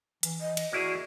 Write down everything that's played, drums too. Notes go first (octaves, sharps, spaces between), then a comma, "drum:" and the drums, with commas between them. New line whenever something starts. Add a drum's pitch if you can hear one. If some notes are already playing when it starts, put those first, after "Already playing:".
E3, drum: hi-hat
E3 D#5
drum: cymbal
A#3 E4 F#4 G#4 D5